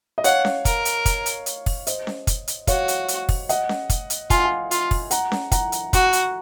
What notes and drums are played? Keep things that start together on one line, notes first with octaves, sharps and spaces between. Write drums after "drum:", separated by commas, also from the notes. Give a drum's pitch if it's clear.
D#5
C#5 F5 F#5, drum: hi-hat
drum: snare C#4
A#4, drum: kick, hi-hat
drum: hi-hat
drum: kick, hi-hat
drum: hi-hat
drum: hi-hat
drum: kick, open hi-hat
C5 D#5, drum: hi-hat
drum: snare C#4
drum: kick, hi-hat
drum: hi-hat
F#4 C#5 F5, drum: kick, hi-hat
drum: hi-hat
drum: hi-hat
drum: kick, open hi-hat
D#5 F#5, drum: hi-hat
drum: snare C#4
drum: kick, hi-hat
drum: hi-hat
F4 G#5, drum: kick, hi-hat
F#5
F5 G#5
F4, drum: hi-hat
drum: kick, open hi-hat
F#5 A#5, drum: hi-hat
drum: snare C#4
F#5 A#5, drum: kick, hi-hat
drum: hi-hat
F#4, drum: kick, hi-hat
drum: hi-hat